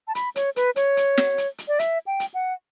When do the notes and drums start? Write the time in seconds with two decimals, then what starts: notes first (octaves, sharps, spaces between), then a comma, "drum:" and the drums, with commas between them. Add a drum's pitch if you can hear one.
0.08 A5
0.15 B5, drum: hi-hat
0.36 C#5, drum: hi-hat
0.56 B4, drum: hi-hat
0.76 C#5, drum: hi-hat
0.97 drum: hi-hat
1.17 drum: snare
1.38 drum: hi-hat
1.58 drum: hi-hat
1.68 D5
1.79 E5, drum: hi-hat
2.07 G5
2.20 drum: hi-hat
2.34 F#5